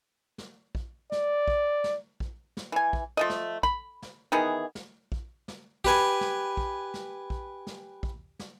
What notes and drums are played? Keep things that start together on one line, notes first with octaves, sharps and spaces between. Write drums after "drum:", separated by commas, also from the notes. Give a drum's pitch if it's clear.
drum: snare
drum: kick
D5, drum: snare
drum: kick
drum: snare
drum: kick
drum: snare
E3 G#5
drum: kick
F3 A3 D#5
drum: snare
B5, drum: kick
drum: snare
D#3 E3 B3 G#4
drum: snare
drum: kick
drum: snare
G4 B4 G#5, drum: kick
drum: snare
drum: kick
drum: snare
drum: kick
drum: snare
drum: kick
drum: snare